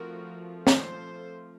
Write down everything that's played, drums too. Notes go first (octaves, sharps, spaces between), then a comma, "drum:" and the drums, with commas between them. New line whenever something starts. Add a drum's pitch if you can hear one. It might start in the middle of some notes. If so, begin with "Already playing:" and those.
Already playing: F3 A3 C4 F#4 A#4
A4 C5, drum: snare